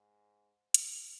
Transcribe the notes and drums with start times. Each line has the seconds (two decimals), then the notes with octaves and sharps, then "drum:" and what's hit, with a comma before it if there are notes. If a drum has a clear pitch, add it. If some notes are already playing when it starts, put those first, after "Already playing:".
Already playing: G#2
0.74 drum: hi-hat